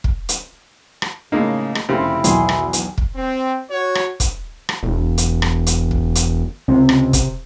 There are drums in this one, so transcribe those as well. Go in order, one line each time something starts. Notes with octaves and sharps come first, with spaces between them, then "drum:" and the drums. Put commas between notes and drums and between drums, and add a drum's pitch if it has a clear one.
drum: kick
drum: hi-hat
drum: rim click
A2 C#3 G#3 A#3 D#4
drum: rim click
F1 C#3 C4 E4 G4 C6
B1 E2 D#3 G#4 C6, drum: hi-hat
drum: rim click
drum: hi-hat
drum: kick
C4
F#4 C#5
drum: rim click
drum: kick, hi-hat
drum: rim click
E1
drum: hi-hat
drum: rim click
drum: hi-hat
drum: kick
drum: hi-hat
C#2 C3
drum: rim click
drum: kick, hi-hat